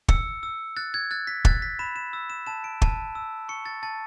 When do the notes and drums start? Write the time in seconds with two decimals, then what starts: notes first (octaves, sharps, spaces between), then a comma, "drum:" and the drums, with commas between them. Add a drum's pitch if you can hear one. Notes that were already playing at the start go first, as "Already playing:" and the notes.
0.08 E6 C#7, drum: kick
0.43 E6
0.77 F#6 A6
0.94 G#6
1.11 F#6 A6
1.27 B6
1.45 F#6 A6, drum: kick
1.62 B6
1.79 B5 E7
1.96 E7
2.13 E6
2.30 E7
2.47 A5 E7
2.64 D7
2.82 A5, drum: kick
3.15 E6
3.49 C#6 C#7
3.66 A6
3.83 A5 A6